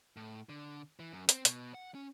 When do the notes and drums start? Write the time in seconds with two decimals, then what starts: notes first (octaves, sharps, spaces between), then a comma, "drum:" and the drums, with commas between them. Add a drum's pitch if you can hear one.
0.17 A2
0.49 D3
0.99 E3
1.12 F#2
1.29 C4, drum: hi-hat
1.45 B2, drum: hi-hat
1.74 F#5
1.95 C#4